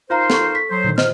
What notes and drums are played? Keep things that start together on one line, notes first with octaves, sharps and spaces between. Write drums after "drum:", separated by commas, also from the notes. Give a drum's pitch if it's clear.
D#4 F4 A#4 C5 F5 A#5
A4 C#6, drum: snare
B6
F#3 C5
A#2 D3 D#3
C5 D#5 F6, drum: snare